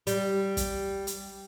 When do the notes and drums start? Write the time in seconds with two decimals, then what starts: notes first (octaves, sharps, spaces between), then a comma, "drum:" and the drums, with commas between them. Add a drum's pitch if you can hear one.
0.07 G3, drum: hi-hat
0.57 drum: kick, hi-hat
1.07 drum: hi-hat